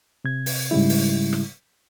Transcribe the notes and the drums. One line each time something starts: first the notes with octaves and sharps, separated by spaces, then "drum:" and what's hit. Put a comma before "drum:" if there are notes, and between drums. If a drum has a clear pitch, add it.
C3 G#6
drum: open hi-hat
G#2 C#3 G3 G#3 E4
drum: open hi-hat
drum: rim click